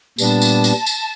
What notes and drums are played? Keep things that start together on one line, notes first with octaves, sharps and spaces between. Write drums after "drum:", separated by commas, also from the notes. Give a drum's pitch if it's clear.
A#2 G3 B3 D4 A5, drum: tambourine
drum: tambourine
drum: tambourine
drum: tambourine